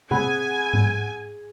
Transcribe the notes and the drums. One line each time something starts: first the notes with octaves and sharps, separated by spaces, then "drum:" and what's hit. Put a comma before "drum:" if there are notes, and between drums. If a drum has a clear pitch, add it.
C4 G#4 F#5 G#5 B5, drum: tom C3
drum: tom G#2